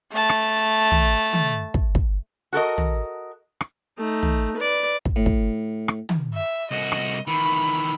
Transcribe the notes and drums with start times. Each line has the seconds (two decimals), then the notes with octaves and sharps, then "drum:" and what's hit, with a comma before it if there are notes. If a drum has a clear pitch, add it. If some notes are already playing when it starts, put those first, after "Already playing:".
0.12 A3 A5
0.29 drum: rim click
0.91 drum: tom
1.33 drum: tom
1.74 drum: kick
1.95 drum: kick
2.53 F#4 A4 A#4 D#5
2.78 drum: tom
3.61 drum: rim click
3.98 A3 D#4
4.23 drum: tom
4.58 B4 D5
5.05 drum: kick
5.16 A2
5.26 drum: kick
5.88 drum: rim click
6.09 drum: tom
6.34 E5
6.71 C2 F#4 D#5
6.92 drum: rim click
7.27 D#3 E3 B5